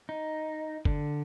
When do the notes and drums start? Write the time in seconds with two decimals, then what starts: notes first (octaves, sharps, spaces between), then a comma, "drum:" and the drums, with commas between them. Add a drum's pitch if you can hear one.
0.09 D#4
0.85 D3, drum: kick G1